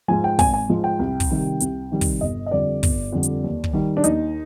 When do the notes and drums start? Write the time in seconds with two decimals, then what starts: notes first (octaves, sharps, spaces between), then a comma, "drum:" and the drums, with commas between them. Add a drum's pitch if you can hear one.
0.08 G#2 F3 G#3 G#5
0.24 G5
0.39 G#1 G#5, drum: kick, open hi-hat
0.54 G#5
0.69 G#2 F3 G#3
0.84 G5
0.99 C2
1.20 drum: kick, open hi-hat
1.30 C3 D#3 G3
1.61 C2, drum: hi-hat
1.91 C3 D#3 G3
2.01 drum: kick, open hi-hat
2.21 G1 D#5
2.46 D#5
2.51 F2 D3 G3 D5
2.83 G1, drum: kick, open hi-hat
3.13 F2 D3 G3
3.23 drum: hi-hat
3.44 D#2
3.64 drum: kick
3.73 D#3 G3
3.97 D4
4.04 D#2 D#4, drum: hi-hat